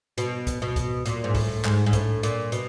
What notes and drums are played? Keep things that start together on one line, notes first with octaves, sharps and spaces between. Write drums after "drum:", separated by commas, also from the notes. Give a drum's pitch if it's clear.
B2, drum: hi-hat
drum: kick C2, hi-hat
B2
drum: kick C2, hi-hat
A#2, drum: hi-hat
G#2
A2, drum: kick C2, open hi-hat
G#2, drum: clap
G#2
A2, drum: kick C2, hi-hat
A#2, drum: hi-hat
B2, drum: hi-hat